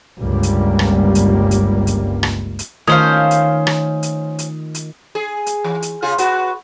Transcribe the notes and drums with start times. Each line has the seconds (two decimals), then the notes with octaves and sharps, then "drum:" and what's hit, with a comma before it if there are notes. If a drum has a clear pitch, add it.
0.19 G1 C#2 G3 A#3
0.43 drum: hi-hat
0.79 drum: rim click
1.15 drum: hi-hat
1.51 drum: hi-hat
1.87 drum: hi-hat
2.23 drum: rim click
2.59 drum: hi-hat
2.87 D#3 A3 C#4 F4 C5 F5 D#6
3.31 drum: hi-hat
3.67 drum: rim click
4.03 drum: hi-hat
4.39 drum: hi-hat
4.75 drum: hi-hat
5.15 G#4
5.46 drum: hi-hat
5.64 E3
5.82 drum: hi-hat
6.02 C#3 F4 G#4
6.18 B3 F#4, drum: hi-hat